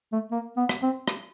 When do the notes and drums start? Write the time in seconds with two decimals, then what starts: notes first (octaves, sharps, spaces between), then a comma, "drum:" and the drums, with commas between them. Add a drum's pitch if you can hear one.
0.12 A3
0.31 A#3
0.57 B3
0.69 drum: rim click
0.82 C4
1.08 drum: rim click